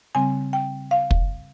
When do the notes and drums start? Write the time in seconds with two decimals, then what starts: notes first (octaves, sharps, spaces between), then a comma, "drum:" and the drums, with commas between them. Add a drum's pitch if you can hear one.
0.15 C#3 G3 C4 G#5
0.53 G5
0.91 F5
1.11 drum: kick